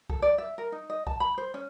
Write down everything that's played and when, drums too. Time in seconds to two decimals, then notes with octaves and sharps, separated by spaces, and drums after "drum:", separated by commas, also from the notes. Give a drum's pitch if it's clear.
0.10 A4, drum: kick B1
0.22 D5
0.38 E5
0.58 A#4
0.72 D#4
0.90 D#5
1.07 A5, drum: kick B1
1.20 B5
1.38 C5
1.54 C#4